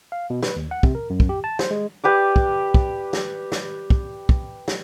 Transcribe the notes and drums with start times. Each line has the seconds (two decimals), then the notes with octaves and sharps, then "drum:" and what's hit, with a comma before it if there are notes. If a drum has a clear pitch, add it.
0.12 F5
0.30 B2
0.43 B4, drum: snare
0.56 D#2
0.71 F#5
0.83 C3, drum: kick
0.95 A#4
1.10 F#2
1.20 drum: kick
1.29 G4
1.44 A5
1.59 C5, drum: snare
1.71 G#3
2.04 G4 B4 D5
2.36 drum: kick
2.74 drum: kick
3.13 drum: snare
3.52 drum: snare
3.90 drum: kick
4.29 drum: kick
4.68 drum: snare